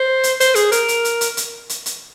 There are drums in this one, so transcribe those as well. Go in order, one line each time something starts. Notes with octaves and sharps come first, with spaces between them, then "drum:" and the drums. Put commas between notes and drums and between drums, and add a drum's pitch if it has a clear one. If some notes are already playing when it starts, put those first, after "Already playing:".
Already playing: C5
drum: hi-hat
C5, drum: hi-hat
G#4, drum: hi-hat
A#4, drum: hi-hat
drum: hi-hat
drum: hi-hat
drum: hi-hat
drum: hi-hat
drum: hi-hat
drum: hi-hat